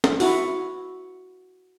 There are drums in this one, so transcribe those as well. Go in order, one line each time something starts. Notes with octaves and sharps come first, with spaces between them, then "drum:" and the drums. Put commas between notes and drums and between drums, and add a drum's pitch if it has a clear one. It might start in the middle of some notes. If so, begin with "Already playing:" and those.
drum: snare
E4 F#4, drum: open hi-hat